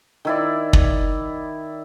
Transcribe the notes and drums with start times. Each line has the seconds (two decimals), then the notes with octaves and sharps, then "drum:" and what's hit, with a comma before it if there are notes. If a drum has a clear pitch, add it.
0.25 D#3 E4 D5
0.73 drum: kick